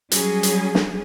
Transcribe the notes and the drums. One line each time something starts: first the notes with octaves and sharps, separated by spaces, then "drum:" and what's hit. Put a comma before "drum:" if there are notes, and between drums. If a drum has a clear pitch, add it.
F#3 G3 C#4 G#4, drum: hi-hat
drum: hi-hat
drum: snare